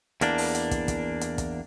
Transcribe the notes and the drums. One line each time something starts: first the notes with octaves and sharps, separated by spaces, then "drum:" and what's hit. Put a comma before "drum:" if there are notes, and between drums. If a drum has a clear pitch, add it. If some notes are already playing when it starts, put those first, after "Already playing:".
E2 A#3 D4, drum: hi-hat
drum: open hi-hat
drum: hi-hat
drum: kick, hi-hat
drum: kick, hi-hat
drum: hi-hat
drum: kick, hi-hat